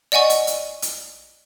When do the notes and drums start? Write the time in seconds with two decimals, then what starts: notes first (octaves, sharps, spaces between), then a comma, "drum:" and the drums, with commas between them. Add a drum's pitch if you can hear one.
0.12 D5 D#5 F#5 G#5 C#6
0.30 drum: hi-hat
0.47 drum: hi-hat
0.82 drum: hi-hat